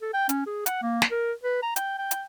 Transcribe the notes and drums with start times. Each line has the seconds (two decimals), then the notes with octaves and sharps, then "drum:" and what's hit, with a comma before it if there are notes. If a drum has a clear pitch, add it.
0.02 A4
0.14 G5
0.29 C#4, drum: hi-hat
0.47 G#4
0.66 F#5, drum: hi-hat
0.82 A#3
1.02 drum: snare
1.11 A#4
1.44 B4
1.63 A#5
1.76 G5, drum: hi-hat
1.98 G5
2.11 drum: hi-hat